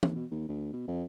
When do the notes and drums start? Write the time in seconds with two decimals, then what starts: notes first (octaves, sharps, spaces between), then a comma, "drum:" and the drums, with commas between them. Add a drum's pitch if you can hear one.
0.03 D#2, drum: tom
0.16 B2
0.31 D#2
0.48 D2
0.73 B2
0.87 F2